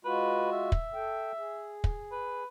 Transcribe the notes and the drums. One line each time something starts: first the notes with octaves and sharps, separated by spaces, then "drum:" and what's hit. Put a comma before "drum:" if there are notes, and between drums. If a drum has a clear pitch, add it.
G#3 F4 F#4 B4
E5
drum: kick
A4 G5
G#4
drum: kick
B4